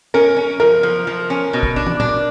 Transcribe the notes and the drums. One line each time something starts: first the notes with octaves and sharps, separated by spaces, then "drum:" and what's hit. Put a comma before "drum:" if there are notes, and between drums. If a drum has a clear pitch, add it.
C#4 A#4
C#4
F3 A#4
F3
F3
C#4
B2
drum: kick
D4
drum: tom
D4, drum: tom A#2